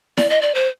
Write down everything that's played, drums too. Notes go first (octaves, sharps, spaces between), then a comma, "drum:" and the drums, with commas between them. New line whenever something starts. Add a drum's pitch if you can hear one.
D5, drum: snare E4
D#5
D5
C5